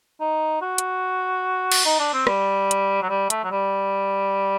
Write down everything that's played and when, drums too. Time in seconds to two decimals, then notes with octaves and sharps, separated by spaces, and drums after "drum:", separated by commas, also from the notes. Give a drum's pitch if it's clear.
0.21 D#4
0.61 F#4
0.78 drum: hi-hat
1.72 drum: cymbal
1.85 D#4
2.00 D4
2.13 C4
2.27 G3, drum: rim click
2.71 drum: hi-hat
3.02 F#3
3.09 G3
3.30 A3, drum: hi-hat
3.44 F#3
3.51 G3